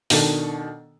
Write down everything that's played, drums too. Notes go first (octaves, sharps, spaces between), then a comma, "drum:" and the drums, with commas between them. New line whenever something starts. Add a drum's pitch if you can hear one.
B2 D#3 D4 A4, drum: open hi-hat